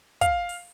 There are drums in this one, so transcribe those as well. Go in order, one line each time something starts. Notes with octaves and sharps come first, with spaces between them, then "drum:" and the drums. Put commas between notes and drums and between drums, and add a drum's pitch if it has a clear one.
F5, drum: kick, hi-hat
drum: open hi-hat